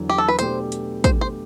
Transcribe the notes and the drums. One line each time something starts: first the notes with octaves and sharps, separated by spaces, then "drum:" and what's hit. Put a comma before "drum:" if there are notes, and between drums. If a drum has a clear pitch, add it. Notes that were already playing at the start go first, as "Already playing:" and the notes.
Already playing: E2 D3 F#3
G4
A4
B4
B2 A3 D4 G4 C5, drum: hi-hat
drum: hi-hat
C5, drum: kick, hi-hat
C5